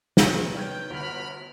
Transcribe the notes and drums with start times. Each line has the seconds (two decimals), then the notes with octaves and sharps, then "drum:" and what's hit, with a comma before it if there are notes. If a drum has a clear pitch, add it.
0.17 C3 D#3 B3 F4, drum: snare
0.55 C#5 G5 F6 G#6
0.90 G1 D2 B5 F6